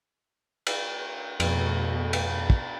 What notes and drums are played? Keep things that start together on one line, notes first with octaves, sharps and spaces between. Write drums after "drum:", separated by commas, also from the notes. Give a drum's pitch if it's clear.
drum: cymbal
F2 B2 A3, drum: cymbal
drum: cymbal
drum: kick